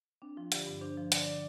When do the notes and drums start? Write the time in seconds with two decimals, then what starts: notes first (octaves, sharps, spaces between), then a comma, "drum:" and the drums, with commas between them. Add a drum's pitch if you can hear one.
0.22 C4 D4
0.37 F3 F4
0.52 D3 G4, drum: hi-hat
0.66 G2
0.81 D4 C5
0.97 F3
1.12 D3 D5, drum: hi-hat
1.27 D5